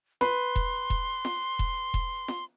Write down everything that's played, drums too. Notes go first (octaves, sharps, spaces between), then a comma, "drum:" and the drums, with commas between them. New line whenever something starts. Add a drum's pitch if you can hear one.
B4 C6, drum: snare
drum: kick E1
drum: kick E1
drum: snare
drum: kick E1
drum: kick E1
drum: snare